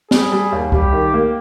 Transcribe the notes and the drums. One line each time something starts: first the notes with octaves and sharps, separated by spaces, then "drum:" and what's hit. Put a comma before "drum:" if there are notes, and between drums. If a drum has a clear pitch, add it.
G3 G#4, drum: snare
G3
D#2
G3 G4, drum: kick C2
D#3
A#3